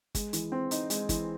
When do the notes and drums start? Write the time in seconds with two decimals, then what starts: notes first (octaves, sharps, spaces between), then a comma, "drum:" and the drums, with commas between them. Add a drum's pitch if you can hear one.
0.15 G#3, drum: kick, hi-hat
0.33 E3, drum: hi-hat
0.52 C4
0.71 D#4, drum: hi-hat
0.90 G#3, drum: hi-hat
1.09 E3, drum: kick, hi-hat